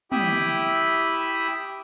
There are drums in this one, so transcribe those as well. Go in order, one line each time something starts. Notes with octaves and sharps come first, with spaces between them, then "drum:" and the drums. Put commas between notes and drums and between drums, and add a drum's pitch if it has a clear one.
E4 G4 E5 G5 B5 D#6, drum: tom